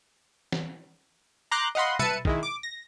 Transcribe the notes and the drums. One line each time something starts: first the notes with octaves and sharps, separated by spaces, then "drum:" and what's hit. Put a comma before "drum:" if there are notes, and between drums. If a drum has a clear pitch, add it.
drum: snare
A#5 C6 D6 F#6 G6
D#5 F5 F#5 B5 C6
B4 E5 A5 C#7 D#7, drum: tom B2
D#3 G#3 E4, drum: kick
D6
A#6